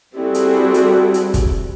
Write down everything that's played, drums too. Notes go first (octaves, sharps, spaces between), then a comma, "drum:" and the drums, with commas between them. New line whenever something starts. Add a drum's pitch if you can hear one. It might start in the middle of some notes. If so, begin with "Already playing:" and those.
G3 C4 E4 F#4 G#4 A4
drum: hi-hat
drum: hi-hat
drum: hi-hat
drum: kick, hi-hat